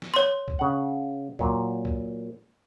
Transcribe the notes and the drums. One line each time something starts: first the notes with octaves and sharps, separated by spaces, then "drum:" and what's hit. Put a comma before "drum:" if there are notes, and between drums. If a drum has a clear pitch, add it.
drum: snare
C#5 C6
drum: kick
C#3 F#5
A#2 F#3, drum: kick
drum: kick